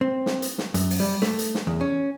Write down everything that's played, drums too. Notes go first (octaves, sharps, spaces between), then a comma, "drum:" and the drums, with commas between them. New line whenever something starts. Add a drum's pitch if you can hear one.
C4
drum: snare
drum: hi-hat
drum: snare
F#2, drum: hi-hat
drum: open hi-hat
G3
A3, drum: snare
drum: hi-hat
drum: snare
E2
C#4